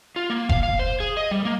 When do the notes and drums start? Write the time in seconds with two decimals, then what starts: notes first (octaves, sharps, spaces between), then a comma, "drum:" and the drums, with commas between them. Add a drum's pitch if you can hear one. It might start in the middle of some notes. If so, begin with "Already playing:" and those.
0.16 F4
0.30 A#3
0.49 F5, drum: kick F1
0.63 F5
0.79 C5
1.00 G#4
1.17 D#5
1.31 G3
1.45 A#3